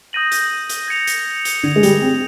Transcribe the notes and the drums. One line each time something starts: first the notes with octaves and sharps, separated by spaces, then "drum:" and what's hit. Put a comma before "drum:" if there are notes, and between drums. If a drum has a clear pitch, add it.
D#6 G6 A#6 D#7 F#7
drum: hi-hat
drum: hi-hat
G#6 C#7 F7
drum: hi-hat
drum: hi-hat
D3 G#6 C#7 F7
G#3
G3, drum: hi-hat
C4